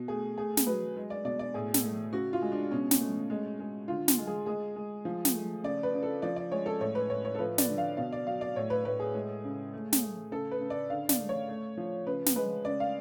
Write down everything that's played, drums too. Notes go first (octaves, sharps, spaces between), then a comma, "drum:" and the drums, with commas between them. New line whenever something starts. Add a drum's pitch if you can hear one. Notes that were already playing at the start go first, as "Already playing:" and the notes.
Already playing: B2
A3 G#4
A3 G#4
drum: snare
F#3 B4
G#3
D5
B2 D5
D5
A2 G#4
drum: snare
A3
C#3 F#4
F4
G#3
D4
B2 C#4
drum: snare
A3
G#3
G#3
D3 F4
drum: snare
G#3
G#4
G#3 G#4
G#3
F3
drum: snare
A3
C#3 D5
B4
C#3
A4
F3 D5
D5
G#3 C#5
A4
A2 C#5
B4
A2 C#5
C#5
A4
F3 B4
D5, drum: snare
D3
F5
B2 F5
D5
F#3 F5
D5
A2 C#5
B4
A2 B4
G#4
G#3
C#3
A3
drum: snare
A3
C#3 A4
B4
C#3
D5
D3 F5
D5, drum: snare
A3
C#5
A3
F3
C#3 B4
drum: snare
G#3 B4
C#3 D5
F5